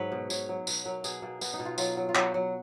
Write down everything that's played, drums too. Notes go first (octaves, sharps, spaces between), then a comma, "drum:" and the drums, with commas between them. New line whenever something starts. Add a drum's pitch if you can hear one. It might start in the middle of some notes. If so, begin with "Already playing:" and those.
Already playing: G#2 F#3 B4 C#5
B2
B2 C#5, drum: tambourine
F#3
B2 B4, drum: tambourine
F#3 A#4
B2 G#4, drum: tambourine
B2 A#3
B2 B3, drum: tambourine
D#4
B2
F4
F#3 F4, drum: tambourine
F#3
F4
F#3 F#4, drum: clap
F#3